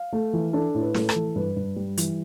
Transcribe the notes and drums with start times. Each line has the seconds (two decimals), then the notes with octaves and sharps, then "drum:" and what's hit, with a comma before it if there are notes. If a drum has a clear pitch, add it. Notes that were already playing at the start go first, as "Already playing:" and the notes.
Already playing: F5
0.13 A3
0.33 E3
0.53 D4 A4
0.75 A2
0.81 B4
0.94 A3, drum: snare
1.09 A4, drum: rim click
1.15 E3
1.35 G2 B4
1.56 G2
1.76 G3
1.97 E3, drum: hi-hat